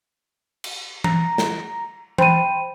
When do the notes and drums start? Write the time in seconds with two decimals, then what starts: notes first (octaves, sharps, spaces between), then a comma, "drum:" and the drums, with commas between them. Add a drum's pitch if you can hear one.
0.64 drum: cymbal
1.04 A#5, drum: tom E3
1.38 drum: snare
2.18 C5 G5 B5 D#7, drum: tom E3